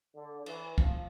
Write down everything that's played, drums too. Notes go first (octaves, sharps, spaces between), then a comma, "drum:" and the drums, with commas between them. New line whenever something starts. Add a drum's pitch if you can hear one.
D3
E3, drum: cymbal
F3, drum: kick